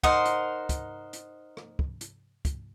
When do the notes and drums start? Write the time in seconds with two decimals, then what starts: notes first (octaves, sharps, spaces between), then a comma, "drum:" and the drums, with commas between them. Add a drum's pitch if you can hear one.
0.03 D#4 A#4 C5 F#5, drum: kick
0.25 drum: hi-hat
0.69 drum: kick, hi-hat
1.13 drum: hi-hat
1.57 drum: rim click
1.79 drum: kick
2.01 drum: hi-hat
2.45 drum: kick, hi-hat